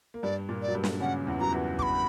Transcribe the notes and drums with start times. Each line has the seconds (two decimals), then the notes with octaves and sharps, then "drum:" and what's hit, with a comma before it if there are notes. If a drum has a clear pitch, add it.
0.14 A#3
0.23 G2 G3 D5
0.49 A#2 A#3
0.62 D5
0.68 F#3
0.75 G2 G3
0.84 drum: snare
1.00 C#3 C#4 F#5
1.26 E2 E3
1.40 F#3 A#5
1.53 E2 E3
1.79 D6, drum: kick
1.82 B5